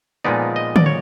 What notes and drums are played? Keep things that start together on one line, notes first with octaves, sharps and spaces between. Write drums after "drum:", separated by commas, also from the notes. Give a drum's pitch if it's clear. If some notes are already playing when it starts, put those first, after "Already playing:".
A#2 F3 G#3 B3 D#4 D5
D#5
D5, drum: tom
C#5